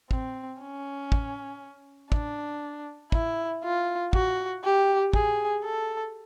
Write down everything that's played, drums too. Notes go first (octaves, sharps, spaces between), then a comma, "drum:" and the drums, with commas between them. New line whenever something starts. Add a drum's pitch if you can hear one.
C4, drum: kick
C#4
drum: kick
D4, drum: kick
E4, drum: kick
F4
F#4, drum: kick
G4
G#4, drum: kick
A4